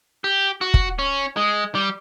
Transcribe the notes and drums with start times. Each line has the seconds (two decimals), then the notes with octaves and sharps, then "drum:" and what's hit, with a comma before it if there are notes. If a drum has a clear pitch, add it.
0.24 G4
0.61 F#4
0.74 drum: kick
0.99 C#4
1.37 G#3
1.75 G3